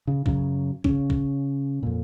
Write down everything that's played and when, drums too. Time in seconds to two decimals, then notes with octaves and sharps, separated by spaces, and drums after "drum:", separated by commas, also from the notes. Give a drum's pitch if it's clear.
0.07 C#3
0.26 F#2 C#3 F#3, drum: kick A#1
0.84 C#3 C#4, drum: kick A#1
1.10 drum: kick A#1
1.83 F2 A#2